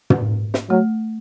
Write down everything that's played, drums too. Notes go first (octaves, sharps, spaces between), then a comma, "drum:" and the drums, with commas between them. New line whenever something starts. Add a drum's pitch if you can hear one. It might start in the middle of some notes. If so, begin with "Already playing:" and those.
drum: tom
drum: snare
F#3 A3